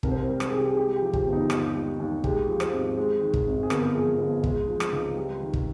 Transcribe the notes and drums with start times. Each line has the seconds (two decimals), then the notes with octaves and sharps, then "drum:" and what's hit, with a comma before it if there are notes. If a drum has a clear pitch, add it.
0.03 C2 A#4, drum: kick
0.11 C5
0.18 A#4
0.28 G3
0.40 A#4, drum: rim click
0.49 C2 G#4
0.58 G4
0.67 G#4
0.77 G#3 G4
0.96 G4
1.02 F3
1.13 G4, drum: kick
1.26 G1
1.33 D#4
1.50 D#2 D#4, drum: rim click
1.75 G3
2.00 D#2
2.24 G#3 G4, drum: kick
2.48 F3
2.60 C5, drum: rim click
2.72 G#1
2.98 G#3
3.21 D#3
3.34 drum: kick
3.46 G#1
3.63 G#4
3.70 G1 A#4, drum: rim click
3.94 F3 G#4
4.19 G1
4.44 G#3, drum: kick
4.68 F3
4.80 drum: rim click
4.93 C#2
5.17 G3
5.41 D#3
5.54 drum: kick